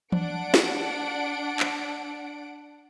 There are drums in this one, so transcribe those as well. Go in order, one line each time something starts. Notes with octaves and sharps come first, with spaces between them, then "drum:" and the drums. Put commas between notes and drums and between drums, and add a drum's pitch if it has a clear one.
D4 F#5 D7, drum: tom E3
drum: snare
drum: clap